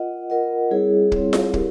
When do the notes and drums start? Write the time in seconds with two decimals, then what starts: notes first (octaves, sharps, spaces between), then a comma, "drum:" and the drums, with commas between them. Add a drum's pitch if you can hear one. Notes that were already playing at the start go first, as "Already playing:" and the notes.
Already playing: F4 A#4 D#5 F#5
0.30 F4 A#4 D#5 F#5
0.71 G3 C4 E4 G#4 C#5
1.12 G3 C4 E4 G#4 C#5, drum: kick
1.33 drum: snare F4
1.54 E4 G4 A#4, drum: kick